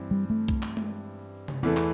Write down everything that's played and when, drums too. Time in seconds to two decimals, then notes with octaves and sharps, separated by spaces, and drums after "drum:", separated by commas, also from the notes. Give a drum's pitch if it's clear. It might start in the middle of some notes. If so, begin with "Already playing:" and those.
Already playing: G2 E3 C4 E4
0.11 G3
0.30 A3
0.48 drum: kick B1
0.63 drum: clap
0.77 drum: tom G#3
1.48 drum: tom C3
1.63 E2 E3 A3 C4 E4 A4
1.77 drum: clap